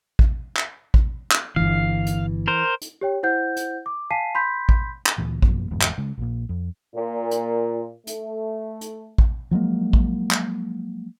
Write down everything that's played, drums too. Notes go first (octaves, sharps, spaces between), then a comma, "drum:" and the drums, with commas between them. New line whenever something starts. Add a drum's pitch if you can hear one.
drum: kick
drum: clap
drum: kick
drum: clap
D1 G1 E3 F5
drum: hi-hat
A#4 C5
drum: hi-hat
G4 C#5 G5
E4 C5 F#5 G6
drum: hi-hat
D6
F5 G#5 A5 B6 C7 D#7
B5 C6 G6 B6
drum: kick
drum: clap
D2 A#2 E3
B1 F#2 F3 A#3, drum: kick
G1 E2 G#2
drum: clap
C#3 G#3
A#1 A#2
F2
A#2
drum: hi-hat
A3, drum: hi-hat
drum: hi-hat
drum: kick
F3 F#3 G#3 A#3
drum: kick
drum: clap